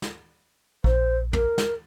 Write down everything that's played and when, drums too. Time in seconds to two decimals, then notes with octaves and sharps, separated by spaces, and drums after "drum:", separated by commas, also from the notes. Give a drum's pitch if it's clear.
0.02 drum: snare
0.84 A#1 C5, drum: kick
1.33 A#4, drum: tom
1.58 drum: snare